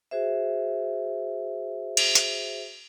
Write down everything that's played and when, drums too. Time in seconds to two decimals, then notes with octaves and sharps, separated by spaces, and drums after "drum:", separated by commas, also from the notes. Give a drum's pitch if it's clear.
0.11 F#4 G#4 C5 E5
1.97 drum: cymbal
2.15 drum: hi-hat